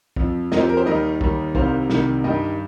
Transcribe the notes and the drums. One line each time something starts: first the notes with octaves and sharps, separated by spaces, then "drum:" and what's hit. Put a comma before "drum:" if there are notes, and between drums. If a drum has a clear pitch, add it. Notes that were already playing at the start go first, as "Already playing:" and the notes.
F2 F3, drum: kick
F2 F3 A#4 D#5, drum: snare
G4 C5
A#4
G4 C5
D#2 D#3 G3 A#4 D#5
D#2 D#3 G3, drum: kick
C2 C3 D#3 G3 C5 F5, drum: kick
C2 C3 D#3 G3, drum: snare
G2 D#3 G3 D#5 G5